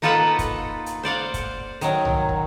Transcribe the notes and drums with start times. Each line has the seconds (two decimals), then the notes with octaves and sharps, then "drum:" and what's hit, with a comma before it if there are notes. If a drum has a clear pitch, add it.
0.02 A#3 D#4 F4 A4 B4 F#5
0.39 drum: kick, hi-hat
0.86 drum: hi-hat
1.03 C5 D5 F5 F#5
1.34 drum: kick, hi-hat
1.81 D#3 F#3, drum: hi-hat
2.05 drum: tom
2.29 drum: kick